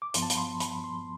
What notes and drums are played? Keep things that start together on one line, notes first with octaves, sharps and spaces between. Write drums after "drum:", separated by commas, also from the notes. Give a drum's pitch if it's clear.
D6
G2 F3 B3 C6, drum: hi-hat
A5
B5, drum: hi-hat
C6
B5, drum: hi-hat
C6